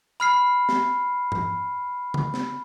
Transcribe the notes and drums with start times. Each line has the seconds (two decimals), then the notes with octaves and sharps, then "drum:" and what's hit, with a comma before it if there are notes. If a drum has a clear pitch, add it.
0.20 B5 F6 C7, drum: hi-hat
0.69 drum: snare
1.32 drum: tom G2
2.14 drum: tom C#3
2.34 drum: snare